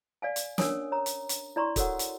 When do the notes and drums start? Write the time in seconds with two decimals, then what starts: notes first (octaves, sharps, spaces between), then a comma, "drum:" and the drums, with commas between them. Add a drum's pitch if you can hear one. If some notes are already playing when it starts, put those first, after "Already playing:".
0.22 D5 F5 G#5
0.36 drum: hi-hat
0.58 C#4 D4 A#4 C#5 G#5 D#6, drum: snare
0.92 C#5 A#5
1.06 drum: hi-hat
1.29 drum: hi-hat
1.56 E4 D5 A#5 C6 C#6
1.76 F#4 A4 A#4 C#5 F#5, drum: kick, hi-hat
1.99 drum: hi-hat